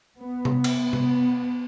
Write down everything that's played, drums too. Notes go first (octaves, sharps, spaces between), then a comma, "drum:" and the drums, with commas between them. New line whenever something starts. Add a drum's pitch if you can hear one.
B3
drum: tom C3
drum: cymbal
B3
drum: tom C3